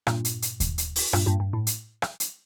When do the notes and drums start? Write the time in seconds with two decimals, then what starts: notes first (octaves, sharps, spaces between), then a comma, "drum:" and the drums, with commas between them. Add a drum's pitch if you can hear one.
0.07 G2 A#2, drum: rim click
0.25 drum: hi-hat
0.42 drum: hi-hat
0.60 drum: kick D#2, hi-hat
0.78 drum: hi-hat
0.96 drum: open hi-hat
1.13 G2 A#2, drum: rim click
1.26 G2 A#2
1.40 G2
1.53 A2
1.67 drum: hi-hat
2.02 drum: rim click
2.20 drum: hi-hat